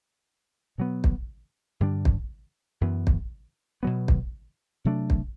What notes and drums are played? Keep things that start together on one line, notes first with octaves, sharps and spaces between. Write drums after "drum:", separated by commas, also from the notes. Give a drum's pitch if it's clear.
B2 F#3 B3
drum: kick
G2 D3 G3 D4
drum: kick
F#2 E3 B3
drum: kick
B2 F#3 B3
drum: kick
C3 F#3 A3 D4
drum: kick